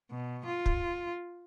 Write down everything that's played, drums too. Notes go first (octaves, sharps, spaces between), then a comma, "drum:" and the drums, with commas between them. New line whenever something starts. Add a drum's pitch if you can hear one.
B2
F4
drum: kick